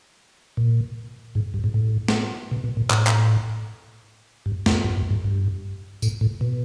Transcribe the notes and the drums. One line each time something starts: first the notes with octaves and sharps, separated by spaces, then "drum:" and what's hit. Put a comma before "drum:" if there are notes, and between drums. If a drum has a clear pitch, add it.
A#2
G#2
G2
G#2
A2
drum: snare
B2
B2
A#2
A2, drum: clap
drum: clap
G2
F#2, drum: snare
G2
F#2
G2
G2
A2, drum: tambourine
A2
B2